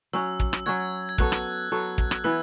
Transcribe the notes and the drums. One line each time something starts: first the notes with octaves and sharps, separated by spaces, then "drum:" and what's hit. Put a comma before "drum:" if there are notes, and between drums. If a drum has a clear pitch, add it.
F#3 C#4 F#4 E6
drum: kick
drum: rim click
F#3 C#4 F#4 G#6
G#6
F#3 B3 F#4 A4 F#6, drum: kick
drum: rim click
F#3 B3 F#4 A4
drum: kick
drum: rim click
E3 B3 E4 B4 E6